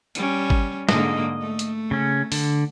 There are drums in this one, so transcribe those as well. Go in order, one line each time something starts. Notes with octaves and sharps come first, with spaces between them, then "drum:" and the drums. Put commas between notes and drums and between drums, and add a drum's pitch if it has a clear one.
G3 C#4, drum: hi-hat
drum: kick G#1
G#2 D3 A#3 D#5, drum: snare
A3
drum: hi-hat
C#3 C#4
D3, drum: open hi-hat